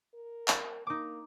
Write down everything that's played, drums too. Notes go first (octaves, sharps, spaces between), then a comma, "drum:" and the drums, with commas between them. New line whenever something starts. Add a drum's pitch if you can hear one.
A#4
drum: clap
A#3 D#4 D6